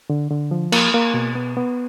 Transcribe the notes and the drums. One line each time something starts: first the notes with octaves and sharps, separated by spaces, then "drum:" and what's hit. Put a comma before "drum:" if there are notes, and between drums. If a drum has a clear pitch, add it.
D3
D3
F3
A#3, drum: cymbal
A#3
B2
B3
B3